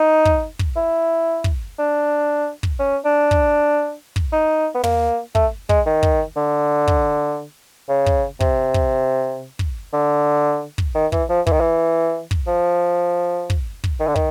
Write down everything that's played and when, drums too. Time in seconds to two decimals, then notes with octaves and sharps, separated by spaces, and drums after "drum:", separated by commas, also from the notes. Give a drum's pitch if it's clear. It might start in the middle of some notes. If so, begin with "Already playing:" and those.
Already playing: D#4
0.25 drum: kick
0.59 drum: kick
0.76 E4
1.44 drum: kick
1.79 D4
2.63 drum: kick
2.79 C#4
3.05 D4
3.31 drum: kick
4.16 drum: kick
4.33 D#4
4.75 B3
4.84 A#3, drum: tom
5.35 A3, drum: kick
5.69 G#3, drum: kick
5.86 D#3
6.03 drum: kick
6.37 D3
6.88 drum: kick
7.89 C#3
8.06 drum: kick
8.40 C3, drum: kick
8.74 drum: kick
9.59 drum: kick
9.93 D3
10.78 drum: kick
10.95 D#3
11.12 E3, drum: kick
11.29 F3
11.47 E3, drum: kick
11.53 D#3
11.60 E3
12.31 drum: kick
12.47 F3
13.50 drum: kick
13.84 drum: kick
14.00 D#3
14.08 D3
14.16 D#3, drum: kick